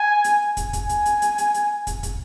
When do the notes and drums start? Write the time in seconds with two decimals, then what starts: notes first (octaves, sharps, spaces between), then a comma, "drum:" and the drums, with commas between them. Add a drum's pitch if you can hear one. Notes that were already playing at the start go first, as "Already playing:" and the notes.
Already playing: G#5
0.24 drum: hi-hat
0.57 drum: kick, hi-hat
0.73 G#5, drum: kick, hi-hat
0.89 drum: hi-hat
1.06 drum: hi-hat
1.22 drum: hi-hat
1.38 drum: hi-hat
1.54 drum: hi-hat
1.87 drum: kick, hi-hat
2.03 drum: kick, hi-hat